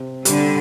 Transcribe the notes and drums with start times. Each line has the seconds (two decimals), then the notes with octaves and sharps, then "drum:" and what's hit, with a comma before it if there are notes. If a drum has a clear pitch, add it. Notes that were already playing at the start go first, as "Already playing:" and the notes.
Already playing: C3
0.25 D3 G3, drum: hi-hat